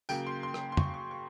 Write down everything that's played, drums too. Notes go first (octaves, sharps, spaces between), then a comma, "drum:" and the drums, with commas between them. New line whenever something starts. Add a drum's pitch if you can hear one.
C#3 F#3 A#3 G5, drum: tambourine
C6
C6
drum: rim click
C6
C#6, drum: tom
C#6
C#6